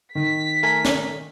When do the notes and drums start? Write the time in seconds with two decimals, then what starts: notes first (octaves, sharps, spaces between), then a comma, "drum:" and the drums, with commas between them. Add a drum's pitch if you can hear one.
0.15 D#3 B6
0.63 A3 A#4 G#5
0.85 drum: snare